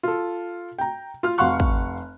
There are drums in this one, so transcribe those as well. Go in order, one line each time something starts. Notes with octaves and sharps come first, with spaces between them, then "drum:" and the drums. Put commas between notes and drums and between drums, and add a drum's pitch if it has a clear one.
F4 A4
G5 A#5
F4 F6
F1 F5 F#5 C6 C#6 F#6
drum: kick